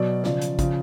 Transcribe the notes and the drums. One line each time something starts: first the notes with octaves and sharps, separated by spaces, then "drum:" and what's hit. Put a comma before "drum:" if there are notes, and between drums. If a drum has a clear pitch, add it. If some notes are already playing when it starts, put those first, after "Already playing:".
Already playing: B2 F#3 D5
C#3 F3 D5, drum: snare
drum: hi-hat
C#3 F3, drum: kick, hi-hat